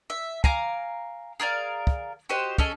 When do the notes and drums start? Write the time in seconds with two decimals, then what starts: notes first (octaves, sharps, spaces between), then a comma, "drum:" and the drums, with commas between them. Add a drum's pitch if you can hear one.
0.10 E5
0.44 F5 G#5 A#5 D6, drum: kick
1.40 G#4 A#4 D5 F5
1.87 drum: kick
2.29 F#4 G4 C5 D#5
2.58 C#4 G#4 A4 D#5, drum: kick